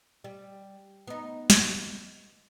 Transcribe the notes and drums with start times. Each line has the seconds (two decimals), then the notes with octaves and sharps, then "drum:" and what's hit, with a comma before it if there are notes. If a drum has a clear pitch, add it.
0.24 G3
1.08 B3 D#4
1.50 drum: snare